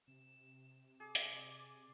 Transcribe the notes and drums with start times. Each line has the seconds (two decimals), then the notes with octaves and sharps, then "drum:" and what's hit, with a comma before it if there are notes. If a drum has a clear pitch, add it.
0.07 C3 E7
1.00 G#4 D6
1.15 drum: hi-hat
1.35 D5